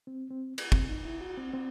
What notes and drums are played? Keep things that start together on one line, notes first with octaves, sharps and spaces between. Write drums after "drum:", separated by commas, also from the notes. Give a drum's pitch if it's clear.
C4
C4
drum: cymbal
C4, drum: kick
D#4
E4
F#4
C4
C4